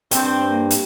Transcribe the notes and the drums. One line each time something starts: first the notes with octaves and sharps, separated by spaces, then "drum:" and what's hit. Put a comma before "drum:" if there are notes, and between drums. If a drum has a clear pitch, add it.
G2 C4 C5, drum: hi-hat
A#3
drum: hi-hat